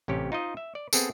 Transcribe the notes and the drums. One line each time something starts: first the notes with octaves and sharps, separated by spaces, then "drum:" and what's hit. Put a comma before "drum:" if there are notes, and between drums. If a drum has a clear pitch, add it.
A1 C3 C#4 G4
D#4 F4 C5 D#5
E5
D5
B3 C4 G#4 A4, drum: tambourine